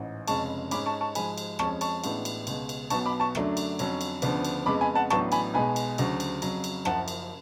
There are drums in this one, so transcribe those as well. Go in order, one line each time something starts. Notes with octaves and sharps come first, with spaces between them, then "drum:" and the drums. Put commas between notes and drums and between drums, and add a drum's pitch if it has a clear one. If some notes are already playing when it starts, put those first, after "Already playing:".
Already playing: A1 G#2
F1 F2 C#3 G#3 C#4 A5 C#6, drum: cymbal
G#2 G#3 C#4 B5 D6, drum: cymbal
A5 C#6
A5 C#6
G#2 F3 G#3 G#5 B5, drum: cymbal
drum: cymbal
F2 F3 G#3 C#4 A5 C#6, drum: rim click
A5 C#6, drum: cymbal
A1 A2 G#3 B3 D4, drum: cymbal
drum: cymbal
C#2 B2 G#3, drum: cymbal
drum: cymbal
B1 B2 F#3 B3 A5 C#6, drum: cymbal
B5 D6
A5 C#6
F#2 D3 F#3 A3 D4, drum: rim click
drum: cymbal
F2 D3 F#3 C#4, drum: cymbal
drum: cymbal
D2 C#3 F3 B3 D4, drum: cymbal
drum: cymbal
F2 C#3 G#3 B3 B5 D6
G#5 B5
F#5 A5
A1 A2 F#3 B3 D4 A5 C#6, drum: rim click
G#5 B5, drum: cymbal
B1 B2 G#3 G#5 B5
drum: cymbal
D2 C#3 F#3, drum: cymbal
drum: cymbal
F2 C#3 F#3, drum: cymbal
drum: cymbal
F#1 F#2 F3 F#5 A5, drum: rim click
drum: cymbal